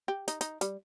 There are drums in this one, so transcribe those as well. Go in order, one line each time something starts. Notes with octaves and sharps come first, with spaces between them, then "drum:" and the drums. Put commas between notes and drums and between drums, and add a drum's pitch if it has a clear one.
G4
D#4, drum: hi-hat
D#4, drum: hi-hat
G3, drum: hi-hat